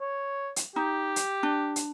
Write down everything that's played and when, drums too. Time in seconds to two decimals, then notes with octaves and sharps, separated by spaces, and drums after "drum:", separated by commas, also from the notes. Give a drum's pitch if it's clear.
0.01 C#5
0.56 drum: hi-hat
0.76 D#4 G4
1.16 drum: hi-hat
1.43 D4
1.76 drum: hi-hat